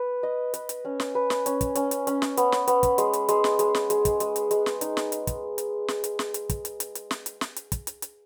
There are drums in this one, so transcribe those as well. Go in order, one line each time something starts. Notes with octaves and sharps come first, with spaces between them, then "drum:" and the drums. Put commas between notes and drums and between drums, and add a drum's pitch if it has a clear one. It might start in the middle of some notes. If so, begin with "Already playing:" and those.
Already playing: B4
D#5
B4, drum: hi-hat
drum: hi-hat
C#4
drum: snare
B4
drum: snare
C#4, drum: hi-hat
drum: kick, hi-hat
C#4, drum: hi-hat
drum: hi-hat
C#4, drum: hi-hat
drum: snare
B3, drum: hi-hat
drum: snare
B3, drum: hi-hat
drum: kick, hi-hat
G#3, drum: hi-hat
drum: hi-hat
G#3, drum: hi-hat
drum: snare
G#3, drum: hi-hat
drum: snare
G#3, drum: hi-hat
drum: kick, hi-hat
G#3, drum: hi-hat
drum: hi-hat
G#3, drum: hi-hat
drum: snare
D#4, drum: hi-hat
drum: snare
drum: hi-hat
drum: kick, hi-hat
drum: hi-hat
drum: snare
drum: hi-hat
drum: snare
drum: hi-hat
drum: kick, hi-hat
drum: hi-hat
drum: hi-hat
drum: hi-hat
drum: snare
drum: hi-hat
drum: snare
drum: hi-hat
drum: kick, hi-hat
drum: hi-hat
drum: hi-hat